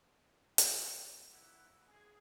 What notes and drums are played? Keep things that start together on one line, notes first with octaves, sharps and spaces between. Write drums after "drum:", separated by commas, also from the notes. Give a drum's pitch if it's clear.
drum: hi-hat
A#3 E4 F#5
G#4